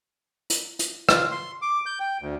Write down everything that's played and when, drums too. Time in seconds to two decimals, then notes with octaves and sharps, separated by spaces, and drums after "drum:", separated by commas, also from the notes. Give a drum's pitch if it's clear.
0.50 drum: hi-hat
0.79 drum: hi-hat
1.09 F4, drum: rim click
1.32 C6
1.62 D6
1.86 G6
2.00 G5
2.21 D2